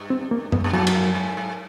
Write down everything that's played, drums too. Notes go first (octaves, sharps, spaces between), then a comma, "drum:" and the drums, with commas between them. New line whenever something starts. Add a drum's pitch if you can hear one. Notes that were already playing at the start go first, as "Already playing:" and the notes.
Already playing: G2
C4
A#3
B3, drum: tom F#2
G2
G#2 F#3
G2, drum: cymbal
G#2
G#2
G#2